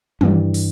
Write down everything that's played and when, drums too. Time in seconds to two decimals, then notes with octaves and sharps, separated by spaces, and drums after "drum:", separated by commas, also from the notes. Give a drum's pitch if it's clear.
0.21 G2 E3 G3, drum: tom
0.54 drum: open hi-hat